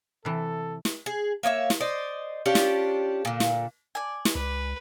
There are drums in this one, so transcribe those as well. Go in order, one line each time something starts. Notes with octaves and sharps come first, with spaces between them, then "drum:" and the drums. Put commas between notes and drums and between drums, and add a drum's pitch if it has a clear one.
C3 E3 A4
drum: snare
G#4
A#3 C#5 D5 E5
drum: snare
C5 D5 D#5
C#4 D4 F4 G4
drum: snare
A#2 D3
drum: snare
D5 G#5
drum: snare
C#2 B4